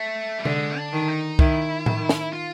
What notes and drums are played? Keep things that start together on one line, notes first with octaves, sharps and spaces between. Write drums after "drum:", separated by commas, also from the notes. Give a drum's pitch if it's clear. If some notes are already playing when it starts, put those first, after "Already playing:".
Already playing: A3
G3
D3 G#3, drum: tom C3
D4
D#3
D#4
D#3 E4, drum: kick
D#3, drum: tom A2
drum: snare
F4